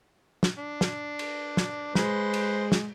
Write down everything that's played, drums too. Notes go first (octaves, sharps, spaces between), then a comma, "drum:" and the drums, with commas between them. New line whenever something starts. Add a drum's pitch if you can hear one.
drum: snare
D4
drum: snare
drum: cymbal
drum: snare
G#3 B4 C5, drum: snare
drum: cymbal
drum: snare